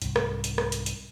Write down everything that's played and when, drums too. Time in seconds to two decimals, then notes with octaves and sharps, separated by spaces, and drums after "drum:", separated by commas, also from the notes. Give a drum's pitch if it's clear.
0.02 C2 G#2, drum: hi-hat
0.16 drum: rim click
0.44 drum: hi-hat
0.58 drum: rim click
0.72 drum: hi-hat
0.86 drum: hi-hat